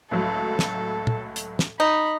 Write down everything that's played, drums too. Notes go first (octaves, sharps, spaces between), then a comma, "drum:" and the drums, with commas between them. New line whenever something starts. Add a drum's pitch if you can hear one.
C#2 A2 F#3 A4
drum: snare
drum: tom
drum: hi-hat
drum: snare
D#4 B5